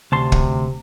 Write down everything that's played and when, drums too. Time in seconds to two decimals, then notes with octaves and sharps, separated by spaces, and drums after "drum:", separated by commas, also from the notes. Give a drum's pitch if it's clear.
0.12 D2 C3 A5 C6
0.32 drum: kick